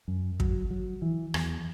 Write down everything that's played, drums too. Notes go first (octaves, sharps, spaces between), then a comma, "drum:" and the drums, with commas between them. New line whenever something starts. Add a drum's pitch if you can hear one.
F#2
F#3, drum: kick
F#3
E3
E2, drum: rim click